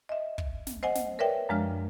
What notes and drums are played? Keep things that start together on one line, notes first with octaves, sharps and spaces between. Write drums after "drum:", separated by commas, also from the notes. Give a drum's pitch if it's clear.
D#5 E5
drum: kick
drum: snare
C5 D#5 F#5 G#5
drum: snare
A#4 B4 C#5 D5 E5 G5
F#2 F3 G#3 D4 F6